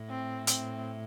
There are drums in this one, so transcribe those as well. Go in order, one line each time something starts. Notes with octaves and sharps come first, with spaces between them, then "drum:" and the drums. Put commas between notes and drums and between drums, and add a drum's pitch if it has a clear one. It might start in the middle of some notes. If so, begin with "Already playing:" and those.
Already playing: A2
C4
C4, drum: hi-hat